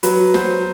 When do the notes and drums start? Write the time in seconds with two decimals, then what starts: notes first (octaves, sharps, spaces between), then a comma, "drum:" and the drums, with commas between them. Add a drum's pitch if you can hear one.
0.03 F#3 B4, drum: hi-hat
0.34 F#3 C5, drum: snare